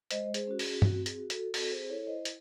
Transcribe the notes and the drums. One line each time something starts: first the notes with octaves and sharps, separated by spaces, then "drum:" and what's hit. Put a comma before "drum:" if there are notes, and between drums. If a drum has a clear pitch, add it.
G#3 C5 D#5, drum: hi-hat
G#4 C5, drum: hi-hat
C#4 F#4
G#4, drum: open hi-hat
C4 F#4, drum: tom G2
G#4, drum: hi-hat
F#4
F#4 A4, drum: hi-hat
C4 F#4 A4, drum: open hi-hat
G#4 C5
E4 A4 C#5
C5 D#5
drum: hi-hat